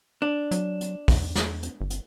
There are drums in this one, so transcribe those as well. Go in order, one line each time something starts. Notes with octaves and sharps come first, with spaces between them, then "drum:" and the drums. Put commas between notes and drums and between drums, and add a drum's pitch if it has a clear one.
D4
F#3, drum: hi-hat
drum: hi-hat
E2, drum: kick, open hi-hat
drum: snare
drum: hi-hat
G1
drum: hi-hat